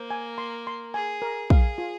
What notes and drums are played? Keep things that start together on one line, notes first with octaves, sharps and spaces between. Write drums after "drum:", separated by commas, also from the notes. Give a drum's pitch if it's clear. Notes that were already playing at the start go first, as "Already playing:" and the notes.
Already playing: A#3 C5
G#5
C6
C6
G#4 G#5
A#4
G#4 F5, drum: kick
F4